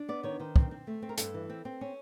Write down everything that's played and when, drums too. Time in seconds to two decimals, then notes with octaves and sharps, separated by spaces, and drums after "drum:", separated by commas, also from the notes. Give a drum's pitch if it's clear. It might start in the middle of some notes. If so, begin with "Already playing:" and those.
Already playing: D4
0.08 B3 D5
0.23 D#3 C#5
0.40 D#3 C5
0.56 C4, drum: kick
0.71 C4
0.87 A3
1.02 C4
1.09 A#4
1.18 G2 A4, drum: hi-hat
1.34 E3
1.50 C4
1.65 C4
1.81 C#4